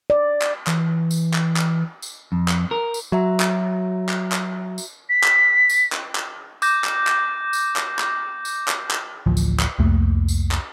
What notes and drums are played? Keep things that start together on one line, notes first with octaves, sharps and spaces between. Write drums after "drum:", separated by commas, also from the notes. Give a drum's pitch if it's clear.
D5
drum: clap
E3, drum: clap
drum: tambourine
drum: clap
drum: clap
drum: tambourine
F2
drum: clap
A#4
drum: tambourine
F#3 F#4 E5 A#5
drum: clap
drum: clap
drum: clap
drum: tambourine
B6
drum: clap
drum: tambourine
drum: clap
drum: clap
D6 G6 A#6, drum: tambourine
drum: clap
drum: clap
drum: tambourine
drum: clap
drum: clap
drum: tambourine
drum: clap
drum: clap
A1 D2 F3
drum: tambourine
drum: clap
C2 F2 A3 A#3
drum: tambourine
drum: clap